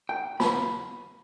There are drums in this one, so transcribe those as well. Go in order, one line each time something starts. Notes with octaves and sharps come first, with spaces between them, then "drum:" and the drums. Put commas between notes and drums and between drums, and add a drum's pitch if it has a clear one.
G5
B5, drum: snare